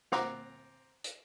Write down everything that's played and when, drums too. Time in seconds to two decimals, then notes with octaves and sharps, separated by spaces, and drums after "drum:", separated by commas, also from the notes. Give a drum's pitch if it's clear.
0.12 C4 F#5 A#5 D6, drum: snare
1.04 drum: hi-hat